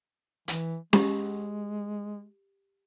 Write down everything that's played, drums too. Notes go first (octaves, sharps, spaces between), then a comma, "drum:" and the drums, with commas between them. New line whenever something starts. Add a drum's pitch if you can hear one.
E3, drum: hi-hat
G#3 G4, drum: snare C#4